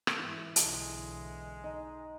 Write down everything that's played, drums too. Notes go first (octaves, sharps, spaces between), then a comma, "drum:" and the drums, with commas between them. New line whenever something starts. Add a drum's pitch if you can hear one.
drum: rim click
G#2 E3
B1 D3 G#3, drum: hi-hat
D#4